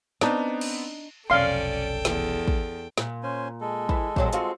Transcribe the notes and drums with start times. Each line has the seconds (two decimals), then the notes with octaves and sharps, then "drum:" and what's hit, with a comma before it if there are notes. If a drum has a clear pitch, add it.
0.21 B3 C4 D4 D#4, drum: snare
0.61 drum: cymbal
1.30 F1 B1 C#4 A4 D5 F5 G5 C6
2.05 E2, drum: snare
2.48 drum: kick
2.98 A#2, drum: snare
3.23 C#4 C5 G#5
3.61 G#3 A4
3.89 E3, drum: kick
4.16 A#2 F#3 C4, drum: kick
4.33 C4 F4 F#4, drum: hi-hat